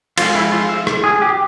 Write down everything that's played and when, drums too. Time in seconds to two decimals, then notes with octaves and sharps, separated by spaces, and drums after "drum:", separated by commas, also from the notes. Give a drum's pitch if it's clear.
0.18 F3 G#3 C4 F4, drum: cymbal
0.35 E4
0.52 F4
0.69 E5
0.87 drum: rim click
1.04 G#4
1.22 G4